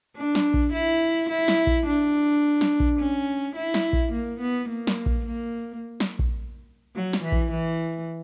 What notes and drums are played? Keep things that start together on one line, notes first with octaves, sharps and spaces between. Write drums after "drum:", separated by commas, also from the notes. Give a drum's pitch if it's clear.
D4
drum: snare
drum: kick A#1
E4
E4
drum: snare
drum: kick A#1
D4
drum: snare
drum: kick A#1
C#4
E4
drum: snare
drum: kick A#1
A#3
B3
A#3
drum: snare
drum: kick A#1
A#3
drum: snare
drum: kick A#1
F#3
drum: snare
E3
drum: kick A#1
E3